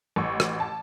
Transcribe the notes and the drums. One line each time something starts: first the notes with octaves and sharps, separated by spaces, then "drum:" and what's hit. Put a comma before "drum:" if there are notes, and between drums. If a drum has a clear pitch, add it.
A1 C#6
drum: rim click
A5